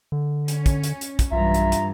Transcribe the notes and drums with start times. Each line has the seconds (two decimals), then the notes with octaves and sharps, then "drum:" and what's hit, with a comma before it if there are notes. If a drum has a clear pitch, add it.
0.12 D3
0.48 C#4, drum: hi-hat
0.66 drum: kick, hi-hat
0.84 drum: hi-hat
1.01 drum: hi-hat
1.19 drum: kick, hi-hat
1.32 B1 G2 E3 F4 E5 A#5
1.54 drum: hi-hat
1.72 drum: hi-hat